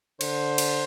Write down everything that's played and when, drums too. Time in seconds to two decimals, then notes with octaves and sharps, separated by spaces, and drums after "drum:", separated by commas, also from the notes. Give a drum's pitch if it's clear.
0.21 D3 C5, drum: cymbal
0.58 drum: cymbal